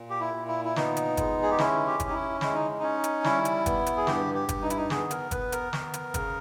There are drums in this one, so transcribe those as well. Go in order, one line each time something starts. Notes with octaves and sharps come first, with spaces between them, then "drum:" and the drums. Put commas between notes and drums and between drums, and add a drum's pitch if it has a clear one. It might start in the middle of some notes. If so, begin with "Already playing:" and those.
Already playing: A#2
G4
E4
A#2
E4
E4
B3 D#4, drum: snare
drum: hi-hat
G#3, drum: kick G1, hi-hat
G#4
G4
C#4 E4, drum: snare
G4
C#4, drum: kick G1, hi-hat
D#4
E4
G#3 E4, drum: snare
D#4
C#4 D#4
drum: hi-hat
G3 E4, drum: snare
drum: hi-hat
B3, drum: kick G1, hi-hat
drum: hi-hat
G#4
G2 G4, drum: snare
G4
G2, drum: kick G1, hi-hat
D#4
E4, drum: hi-hat
D#4
B3 G#4, drum: snare
A#4, drum: hi-hat
B3 B4, drum: kick G1, hi-hat
A#4, drum: hi-hat
B3, drum: snare
drum: hi-hat
C#3, drum: kick G1, hi-hat